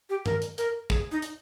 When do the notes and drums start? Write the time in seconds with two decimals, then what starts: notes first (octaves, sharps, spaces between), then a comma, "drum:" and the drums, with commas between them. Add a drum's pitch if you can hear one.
0.10 G4
0.26 A#4, drum: tom G2
0.42 drum: hi-hat
0.58 A#4, drum: hi-hat
0.90 G#4, drum: kick
1.12 D#4
1.22 drum: hi-hat